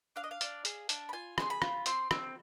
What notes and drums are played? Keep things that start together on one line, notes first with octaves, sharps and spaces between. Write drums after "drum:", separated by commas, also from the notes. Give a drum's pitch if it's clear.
D4 F5
D#5
F5
D4, drum: hi-hat
G#4, drum: hi-hat
D4, drum: hi-hat
B5
F4 G#5
G#4 C6, drum: rim click
B5
F4, drum: rim click
C4 C6, drum: hi-hat
C4, drum: rim click